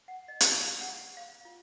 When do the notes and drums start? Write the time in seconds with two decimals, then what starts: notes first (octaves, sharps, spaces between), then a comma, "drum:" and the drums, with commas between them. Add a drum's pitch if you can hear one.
0.08 F#5
0.28 D#5
0.41 D5, drum: hi-hat
0.62 F5
0.80 F#5
1.17 F5
1.45 F4